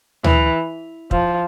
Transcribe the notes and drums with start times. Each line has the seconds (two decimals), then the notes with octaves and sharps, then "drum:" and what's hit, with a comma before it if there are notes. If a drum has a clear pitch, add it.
0.24 E3, drum: tom D2
1.11 F3, drum: kick